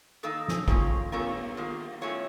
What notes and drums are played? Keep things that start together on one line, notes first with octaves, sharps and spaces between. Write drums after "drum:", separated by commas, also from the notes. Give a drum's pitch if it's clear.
D#3 A#3 D#4 A4
drum: snare
D#3 A#3 C#4 F4, drum: kick
A#2 A3 C#4 F4 A#4, drum: cymbal
D#3 A#3 F4
A2 A3 C#4 F4 C#5